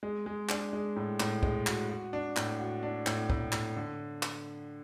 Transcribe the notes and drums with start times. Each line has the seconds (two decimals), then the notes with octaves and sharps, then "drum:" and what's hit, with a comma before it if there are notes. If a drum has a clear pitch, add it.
0.03 G#3
0.26 G#3
0.49 D4, drum: clap
0.73 G#3
0.96 A2
1.20 A2, drum: clap
1.43 G#3, drum: kick
1.67 F#4, drum: clap
1.90 F#4
2.13 D4
2.36 A2, drum: clap
2.60 F#4
2.83 D4
3.07 A2, drum: clap
3.30 A2, drum: kick
3.52 A2, drum: clap
3.76 D3
4.23 drum: clap